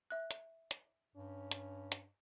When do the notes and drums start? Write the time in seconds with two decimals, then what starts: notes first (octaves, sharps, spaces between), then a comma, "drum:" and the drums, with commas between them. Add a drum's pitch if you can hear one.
0.10 E5 F#6
0.31 drum: hi-hat
0.71 drum: hi-hat
1.16 G2 C#4
1.51 drum: hi-hat
1.92 drum: hi-hat